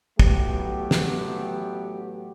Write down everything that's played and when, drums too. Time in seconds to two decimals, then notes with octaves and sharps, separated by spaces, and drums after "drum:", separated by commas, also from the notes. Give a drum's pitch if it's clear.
0.19 A1 F#3 A3 B3 G4, drum: kick
0.91 drum: snare